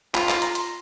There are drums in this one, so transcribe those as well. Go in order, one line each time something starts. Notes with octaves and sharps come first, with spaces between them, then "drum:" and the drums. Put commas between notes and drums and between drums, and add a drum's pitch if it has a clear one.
F4 B5, drum: clap
C6, drum: clap
A#5, drum: hi-hat
C6, drum: hi-hat